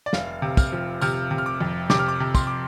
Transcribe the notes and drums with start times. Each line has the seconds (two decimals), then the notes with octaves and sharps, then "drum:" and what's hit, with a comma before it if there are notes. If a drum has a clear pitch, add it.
0.06 D5
0.13 F1 F5, drum: snare
0.42 C3
0.57 F6, drum: kick, tambourine
0.72 F3
1.01 C3 F6, drum: tambourine
1.31 C3
1.38 F6
1.46 D6
1.60 F2
1.90 C3 D6, drum: snare
1.99 F6
2.08 D6
2.20 C3
2.35 C6, drum: kick, tambourine
2.47 D6